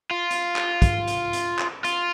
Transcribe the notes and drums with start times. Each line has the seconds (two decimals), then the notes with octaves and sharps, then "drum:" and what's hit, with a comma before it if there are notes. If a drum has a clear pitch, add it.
0.11 F4
0.31 drum: hi-hat
0.56 drum: clap
0.82 drum: kick, hi-hat
1.08 drum: hi-hat
1.33 drum: hi-hat
1.59 drum: clap
1.84 F4, drum: hi-hat